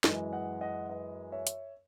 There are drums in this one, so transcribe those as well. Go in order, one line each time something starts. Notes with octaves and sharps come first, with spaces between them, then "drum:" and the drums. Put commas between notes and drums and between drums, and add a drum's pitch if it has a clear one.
F#2 E3 G#3, drum: snare
D#5 F#5
D#5 F#5
B4 D#5
C#5 E5
drum: hi-hat